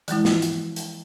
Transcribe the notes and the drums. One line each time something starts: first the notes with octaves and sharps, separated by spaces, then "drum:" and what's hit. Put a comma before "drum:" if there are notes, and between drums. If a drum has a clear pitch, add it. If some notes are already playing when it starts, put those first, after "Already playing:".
E3 F3 G#3 E4, drum: hi-hat
drum: snare
drum: hi-hat
drum: hi-hat